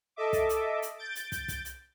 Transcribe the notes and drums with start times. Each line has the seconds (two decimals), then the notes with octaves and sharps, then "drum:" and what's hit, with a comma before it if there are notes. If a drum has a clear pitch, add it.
0.16 A4 D#5 E5 D6
0.33 drum: kick, hi-hat
0.49 drum: hi-hat
0.82 drum: hi-hat
0.97 G6 A6 D7
1.15 drum: hi-hat
1.32 drum: kick, hi-hat
1.48 drum: kick, hi-hat
1.65 drum: hi-hat